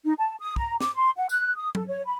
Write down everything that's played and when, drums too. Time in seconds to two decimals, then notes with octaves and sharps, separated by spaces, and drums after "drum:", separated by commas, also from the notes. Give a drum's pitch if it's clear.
0.04 D#4
0.18 A5
0.39 D#6
0.56 A#5, drum: kick
0.80 D6, drum: snare
0.95 C6
1.17 F#5
1.29 F#6, drum: tambourine
1.55 D#6
1.75 A4, drum: tom F#3
1.87 C#5
2.06 B5